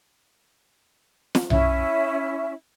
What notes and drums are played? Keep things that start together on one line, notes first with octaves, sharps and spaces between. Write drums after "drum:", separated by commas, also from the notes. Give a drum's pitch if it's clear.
drum: snare
C#4 E4 E5, drum: tom B1